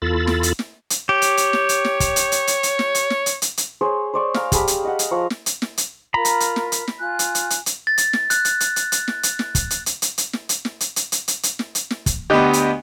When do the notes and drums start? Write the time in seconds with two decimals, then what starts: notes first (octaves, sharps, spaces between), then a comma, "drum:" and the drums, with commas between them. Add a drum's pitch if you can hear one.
0.02 E2 F4 A4 B5 A6
0.27 drum: snare
0.43 drum: hi-hat
0.59 drum: snare
0.90 drum: hi-hat
1.09 G4 C#5
1.22 drum: hi-hat
1.37 drum: hi-hat
1.53 drum: snare
1.69 drum: hi-hat
1.85 drum: snare
2.00 drum: kick, hi-hat
2.16 drum: hi-hat
2.32 drum: hi-hat
2.47 drum: hi-hat
2.63 drum: hi-hat
2.79 drum: snare
2.95 drum: hi-hat
3.10 drum: snare
3.26 drum: hi-hat
3.42 drum: hi-hat
3.57 drum: hi-hat
3.81 G#4 C5 C#5
4.14 C5 D5 C#6
4.34 F5 A#5, drum: snare
4.52 G4 G#4 A5 B5, drum: kick, hi-hat
4.67 drum: hi-hat
4.84 D#5 F#5
4.99 drum: hi-hat
5.11 F3 F5 A#5 C#6
5.30 drum: snare
5.46 drum: hi-hat
5.62 drum: snare
5.78 drum: hi-hat
6.14 F4 A#4 A#5 B5
6.25 drum: hi-hat
6.40 drum: hi-hat
6.56 drum: snare
6.72 drum: hi-hat
6.88 drum: snare
6.98 F4 G#5 F#6
7.19 drum: hi-hat
7.35 drum: hi-hat
7.50 drum: hi-hat
7.66 drum: hi-hat
7.87 A6
7.98 drum: hi-hat
8.13 drum: snare
8.30 F#6, drum: hi-hat
8.45 drum: hi-hat
8.60 drum: hi-hat
8.76 drum: hi-hat
8.92 drum: hi-hat
9.08 drum: snare
9.23 drum: hi-hat
9.39 drum: snare
9.55 drum: kick, hi-hat
9.70 drum: hi-hat
9.86 drum: hi-hat
10.02 drum: hi-hat
10.18 drum: hi-hat
10.33 drum: snare
10.49 drum: hi-hat
10.65 drum: snare
10.80 drum: hi-hat
10.96 drum: hi-hat
11.12 drum: hi-hat
11.28 drum: hi-hat
11.43 drum: hi-hat
11.59 drum: snare
11.75 drum: hi-hat
11.90 drum: snare
12.06 drum: kick, hi-hat
12.30 D2 B3 G4 D#5
12.53 drum: hi-hat